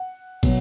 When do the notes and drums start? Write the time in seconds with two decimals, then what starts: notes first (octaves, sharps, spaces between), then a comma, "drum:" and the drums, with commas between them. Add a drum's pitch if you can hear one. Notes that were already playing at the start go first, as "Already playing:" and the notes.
Already playing: F#5
0.43 B2 F#3, drum: kick, cymbal